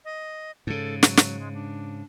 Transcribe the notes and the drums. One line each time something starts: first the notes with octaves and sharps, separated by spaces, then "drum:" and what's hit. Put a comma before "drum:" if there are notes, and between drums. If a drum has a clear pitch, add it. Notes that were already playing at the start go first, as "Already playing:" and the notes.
D#5
G#2 C#3 A4
F#3, drum: snare
drum: snare
G#3
D4